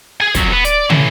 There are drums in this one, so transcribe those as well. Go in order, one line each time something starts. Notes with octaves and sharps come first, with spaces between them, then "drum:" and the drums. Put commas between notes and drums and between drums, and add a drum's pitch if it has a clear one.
G#4 G#5
F2 F#3, drum: kick, hi-hat
B3
D5, drum: hi-hat
A2 E3, drum: tom